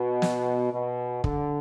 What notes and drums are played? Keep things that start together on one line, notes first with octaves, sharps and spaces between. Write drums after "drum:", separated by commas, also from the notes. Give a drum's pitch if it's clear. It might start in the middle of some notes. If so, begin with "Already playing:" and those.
Already playing: B2
drum: snare
B2
D3, drum: kick